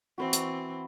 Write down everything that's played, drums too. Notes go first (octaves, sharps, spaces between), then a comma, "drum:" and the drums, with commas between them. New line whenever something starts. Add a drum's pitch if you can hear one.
E3 C4 F#4 B4 E5
drum: hi-hat